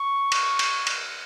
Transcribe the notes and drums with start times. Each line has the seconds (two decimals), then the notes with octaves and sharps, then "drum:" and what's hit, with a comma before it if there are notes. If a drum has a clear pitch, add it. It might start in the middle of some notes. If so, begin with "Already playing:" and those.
Already playing: C#6
0.32 drum: cymbal
0.59 drum: cymbal
0.87 drum: cymbal